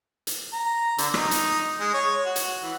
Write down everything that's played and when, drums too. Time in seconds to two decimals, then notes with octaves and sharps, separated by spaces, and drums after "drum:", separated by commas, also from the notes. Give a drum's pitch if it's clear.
0.27 drum: hi-hat
0.53 A#5
0.98 D3, drum: hi-hat
1.14 D#4, drum: rim click
1.31 drum: hi-hat
1.80 G#3
1.94 C#5
2.26 F#4
2.36 drum: hi-hat
2.63 E3